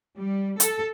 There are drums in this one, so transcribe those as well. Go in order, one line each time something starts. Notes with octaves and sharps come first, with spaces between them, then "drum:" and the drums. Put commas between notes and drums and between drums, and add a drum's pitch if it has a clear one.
G3
A4, drum: hi-hat